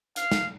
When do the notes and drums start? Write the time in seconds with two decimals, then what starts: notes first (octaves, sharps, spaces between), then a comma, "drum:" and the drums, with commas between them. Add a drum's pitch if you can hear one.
0.16 F5, drum: hi-hat
0.32 drum: snare